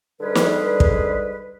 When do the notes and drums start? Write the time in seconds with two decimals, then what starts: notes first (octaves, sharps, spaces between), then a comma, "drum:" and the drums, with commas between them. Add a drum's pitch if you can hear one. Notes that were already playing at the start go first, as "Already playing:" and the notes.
0.21 G#2 D3 G3 G#4 B4
0.35 drum: snare
0.80 drum: kick